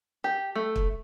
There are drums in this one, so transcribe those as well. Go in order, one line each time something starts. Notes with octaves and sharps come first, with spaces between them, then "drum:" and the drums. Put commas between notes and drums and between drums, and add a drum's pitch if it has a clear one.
G4
A3
drum: kick